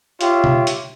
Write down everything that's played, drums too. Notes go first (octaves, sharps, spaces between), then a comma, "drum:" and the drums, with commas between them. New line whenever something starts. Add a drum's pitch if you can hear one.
F4 G4 C#5 E5, drum: hi-hat
drum: tom
drum: hi-hat